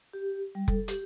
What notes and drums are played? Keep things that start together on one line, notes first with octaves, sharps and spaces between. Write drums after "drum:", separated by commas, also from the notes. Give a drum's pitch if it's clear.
G4
G3
A4, drum: kick F1
G4, drum: hi-hat